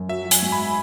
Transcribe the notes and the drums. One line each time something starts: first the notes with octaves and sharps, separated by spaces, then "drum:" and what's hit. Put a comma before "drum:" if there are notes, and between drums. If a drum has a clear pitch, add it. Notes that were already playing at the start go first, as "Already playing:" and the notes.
Already playing: F#2
F#3 E5
F#3
G#5, drum: hi-hat
G#2
B5